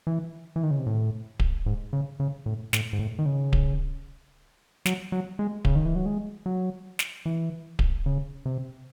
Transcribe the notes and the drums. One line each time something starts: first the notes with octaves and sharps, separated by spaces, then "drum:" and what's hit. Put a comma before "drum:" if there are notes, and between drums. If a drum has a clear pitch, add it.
E3
E3
D#3
C#3
C3
A2
drum: kick D1
G#2
C#3
C#3
A2
A2, drum: snare
G#2
A2
D#3
C#3
drum: kick D1
F#3, drum: snare
F#3
G#3
C#3, drum: kick D1
D#3
E3
F#3
G#3
F#3
drum: snare
E3
drum: kick D1
C#3
C3